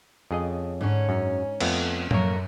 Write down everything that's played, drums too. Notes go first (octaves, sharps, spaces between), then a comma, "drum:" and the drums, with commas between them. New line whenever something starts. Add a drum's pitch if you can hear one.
F2 C#3 G#4 D#5
G#2 D3 C#4
F#2 C#4
F2 A3 B3, drum: cymbal
F#2 A#3 A4 A#4 C#5, drum: tom